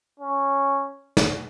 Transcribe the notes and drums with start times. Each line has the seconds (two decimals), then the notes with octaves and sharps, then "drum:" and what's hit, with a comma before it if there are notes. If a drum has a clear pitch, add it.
0.20 C#4
1.17 drum: snare